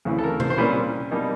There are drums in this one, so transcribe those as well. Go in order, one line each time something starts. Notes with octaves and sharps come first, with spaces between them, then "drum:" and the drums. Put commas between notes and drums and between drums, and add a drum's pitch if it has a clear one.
D2 C#3 E3
A4
A#4
C5, drum: tom C3
C5
A#2 G3 A#3 C#4 B4
B2 G3 A#3 D#4